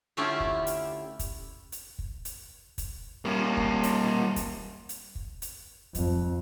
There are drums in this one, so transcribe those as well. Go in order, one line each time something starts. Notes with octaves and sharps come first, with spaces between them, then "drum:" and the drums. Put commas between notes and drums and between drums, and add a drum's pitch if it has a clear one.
D3 A3 C#4 E4 F4 G4
drum: kick
drum: hi-hat
drum: kick, hi-hat
drum: hi-hat
drum: kick
drum: hi-hat
drum: kick, hi-hat
G3 A#3
drum: kick
drum: hi-hat
drum: kick, hi-hat
drum: hi-hat
drum: kick
drum: hi-hat
F2, drum: kick, hi-hat